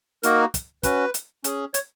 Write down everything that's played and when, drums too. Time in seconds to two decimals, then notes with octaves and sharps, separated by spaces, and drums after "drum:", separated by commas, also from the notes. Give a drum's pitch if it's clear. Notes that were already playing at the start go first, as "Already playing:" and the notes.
0.23 A#3 D#4 F#4 A#4, drum: hi-hat
0.54 drum: kick, hi-hat
0.83 C#4 F#4 B4, drum: kick, hi-hat
1.14 drum: hi-hat
1.44 C#4 G#4, drum: hi-hat
1.74 C#5, drum: hi-hat